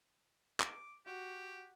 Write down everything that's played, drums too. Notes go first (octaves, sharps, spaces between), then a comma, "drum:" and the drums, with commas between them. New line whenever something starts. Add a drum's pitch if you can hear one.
D6, drum: clap
F#4 G4